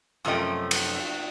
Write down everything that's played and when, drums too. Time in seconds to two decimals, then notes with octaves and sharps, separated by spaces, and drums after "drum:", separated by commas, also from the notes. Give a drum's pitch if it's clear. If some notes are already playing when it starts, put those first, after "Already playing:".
0.25 F#2 C3 F3 A3 D#5 G5
0.71 drum: cymbal